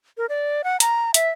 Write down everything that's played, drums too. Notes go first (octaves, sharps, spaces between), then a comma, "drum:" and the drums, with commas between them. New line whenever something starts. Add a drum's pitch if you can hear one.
A#4
D5
F#5
A#5, drum: hi-hat
E5, drum: hi-hat